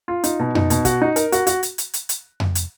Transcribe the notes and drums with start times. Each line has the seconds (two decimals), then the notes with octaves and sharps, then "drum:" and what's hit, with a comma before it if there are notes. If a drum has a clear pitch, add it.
0.08 F4
0.24 D#4, drum: hi-hat
0.40 B2
0.55 D#4, drum: tom F2
0.70 B2, drum: hi-hat
0.85 F#4, drum: kick, hi-hat
1.01 D#4
1.16 A#4, drum: hi-hat
1.32 F#4, drum: hi-hat
1.47 F#4, drum: hi-hat
1.63 drum: hi-hat
1.78 drum: hi-hat
1.94 drum: hi-hat
2.09 drum: hi-hat
2.40 drum: tom F2
2.55 drum: hi-hat